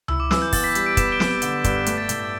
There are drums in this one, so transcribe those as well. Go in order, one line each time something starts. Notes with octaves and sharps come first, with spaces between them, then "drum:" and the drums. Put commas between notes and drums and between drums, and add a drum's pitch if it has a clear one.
E4 E6, drum: tom C#2
D6
E3 E6, drum: snare
G6
B3 A6, drum: kick, open hi-hat
B6
G3 B6, drum: hi-hat
A6 D7
B3 B6 E7, drum: kick, hi-hat
D7 G7
B3, drum: snare
D7 G7
D3 D7 G7, drum: hi-hat
G2, drum: kick, hi-hat
A3 B6 E7, drum: hi-hat
A6 D7
A2 B6, drum: hi-hat
A6